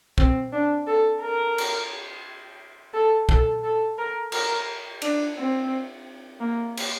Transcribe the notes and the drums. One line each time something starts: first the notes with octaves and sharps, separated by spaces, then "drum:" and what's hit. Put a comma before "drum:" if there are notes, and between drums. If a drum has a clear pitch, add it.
C4, drum: kick
D4
A4
A#4
drum: cymbal
A4
A4, drum: kick
A4
A#4
A#4, drum: cymbal
D4, drum: cymbal
C4
A#3
drum: cymbal